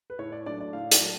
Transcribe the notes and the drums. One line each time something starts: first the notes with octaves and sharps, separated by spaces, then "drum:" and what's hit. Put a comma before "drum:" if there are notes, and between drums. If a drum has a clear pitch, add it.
B4
A2 C#5
D5
F#3 A3 D4 D5
D5
A2 F5
D5, drum: hi-hat
F#3 A3